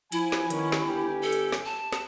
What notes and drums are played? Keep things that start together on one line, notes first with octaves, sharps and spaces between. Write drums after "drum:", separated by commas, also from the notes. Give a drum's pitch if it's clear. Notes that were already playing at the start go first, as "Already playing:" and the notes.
F3 E4 G#5, drum: hi-hat
drum: snare
D#3 B3 C#4, drum: hi-hat
drum: snare
G1 G4 G#5
A4
drum: hi-hat
drum: snare
A5
drum: snare